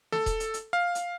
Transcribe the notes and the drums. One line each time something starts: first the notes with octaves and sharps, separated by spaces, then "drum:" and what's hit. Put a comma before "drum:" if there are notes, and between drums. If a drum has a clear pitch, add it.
A4, drum: snare
drum: kick D#1, hi-hat
drum: hi-hat
drum: hi-hat
F5
drum: hi-hat